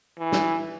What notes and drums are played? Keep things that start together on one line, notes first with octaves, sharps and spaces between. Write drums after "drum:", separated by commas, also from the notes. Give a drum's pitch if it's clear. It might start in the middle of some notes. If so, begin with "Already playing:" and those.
E3
drum: snare